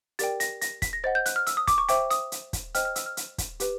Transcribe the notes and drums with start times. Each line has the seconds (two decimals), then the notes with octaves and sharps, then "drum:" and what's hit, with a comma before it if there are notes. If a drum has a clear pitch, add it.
0.19 G4 A#4 D5 G5 A6, drum: hi-hat
0.40 A#6, drum: hi-hat
0.62 A#6, drum: hi-hat
0.82 B6, drum: kick, hi-hat
0.93 A#6
1.04 C5 D#5 F#5 A6
1.15 G6
1.26 F#6, drum: hi-hat
1.36 F6
1.47 E6, drum: hi-hat
1.57 D#6
1.68 D6, drum: kick, hi-hat
1.78 C#6
1.89 C5 E5 G5 D6, drum: hi-hat
2.11 D#6, drum: hi-hat
2.32 drum: hi-hat
2.53 drum: kick, hi-hat
2.75 C5 D#5 G5 F6, drum: hi-hat
2.85 F6
2.96 E6, drum: hi-hat
3.06 F6
3.17 drum: hi-hat
3.38 drum: kick, hi-hat
3.60 G4 B4, drum: hi-hat